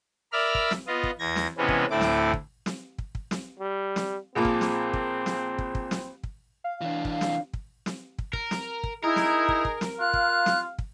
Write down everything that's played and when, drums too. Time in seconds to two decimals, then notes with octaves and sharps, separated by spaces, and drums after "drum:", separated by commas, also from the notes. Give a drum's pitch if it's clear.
0.32 A#4 D5 E5 B5 F6
0.55 drum: kick
0.71 drum: snare
0.87 B3 F4 D#5
1.03 drum: kick
1.19 E2 G#6 A#6
1.36 drum: snare
1.58 C3 E3 G#3 B3 C#4
1.68 drum: kick
1.91 D2 A2 A3 C4 E4 D6
2.01 drum: snare
2.33 drum: kick
2.66 drum: snare
2.98 drum: kick
3.15 drum: kick
3.31 drum: snare
3.59 G3
3.96 drum: snare
4.35 A#1 A#2 A#3 C4 G#4 A5 D6
4.45 drum: kick
4.61 drum: snare
4.93 drum: kick
5.26 drum: snare
5.58 drum: kick
5.75 drum: kick
5.91 drum: snare
6.23 drum: kick
6.64 F5
6.81 E3 D4
7.05 drum: kick
7.21 drum: snare
7.53 drum: kick
7.86 drum: snare
8.18 drum: kick
8.33 A#4, drum: kick
8.51 drum: snare
8.84 drum: kick
9.04 D#4 E4 G#4 A#4
9.16 drum: snare
9.49 drum: kick
9.65 drum: kick
9.81 drum: snare
10.00 F4 F5 F#6
10.14 drum: kick
10.46 drum: snare
10.79 drum: kick